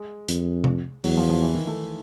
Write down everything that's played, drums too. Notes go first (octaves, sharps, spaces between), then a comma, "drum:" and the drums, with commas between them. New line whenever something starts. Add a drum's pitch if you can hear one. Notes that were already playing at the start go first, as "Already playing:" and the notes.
Already playing: G#3
F2, drum: hi-hat
drum: tom C3
E2 F#3, drum: open hi-hat
F3
F3
E3
D#3
A3